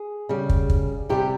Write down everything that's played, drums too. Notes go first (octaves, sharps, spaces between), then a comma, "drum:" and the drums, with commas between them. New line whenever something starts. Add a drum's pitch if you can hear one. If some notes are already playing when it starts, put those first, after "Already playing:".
Already playing: G#4
C#3 G3
drum: kick
drum: kick
C3 G3 G4